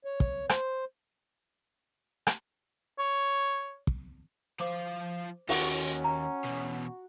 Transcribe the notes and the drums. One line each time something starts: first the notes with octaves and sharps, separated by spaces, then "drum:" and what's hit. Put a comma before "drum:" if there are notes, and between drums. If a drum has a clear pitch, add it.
C#5
drum: kick
C5, drum: rim click
drum: rim click
C#5
drum: kick
F3 C5 F5 D6
D#2 C#4 F#4, drum: open hi-hat
A#5
E2 B2